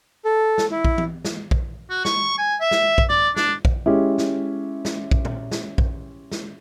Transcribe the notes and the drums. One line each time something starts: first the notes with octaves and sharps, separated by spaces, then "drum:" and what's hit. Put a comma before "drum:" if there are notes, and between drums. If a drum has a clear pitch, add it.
A4
drum: snare
E4
drum: kick A#1
drum: tom E3
drum: snare
drum: kick A#1
F#4
C#6, drum: snare
G#5
E5
drum: snare
drum: kick A#1
D5, drum: tom G2
D4, drum: snare
drum: kick A#1
G#3 C#4 E4 G4
drum: snare
drum: snare
drum: kick A#1
drum: tom A#2
drum: snare
drum: kick A#1
drum: snare